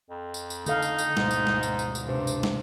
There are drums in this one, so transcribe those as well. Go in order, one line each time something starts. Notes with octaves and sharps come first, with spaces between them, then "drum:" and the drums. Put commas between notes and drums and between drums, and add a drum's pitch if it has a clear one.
F2
drum: tambourine
drum: tambourine
D3 A3 D#4 A4 F5, drum: tambourine
drum: tambourine
drum: tambourine
D2 G#2 B2 G#3, drum: snare
drum: tambourine
drum: snare
drum: tambourine
drum: tambourine
drum: tambourine
G2 C3 C5
drum: tambourine
drum: snare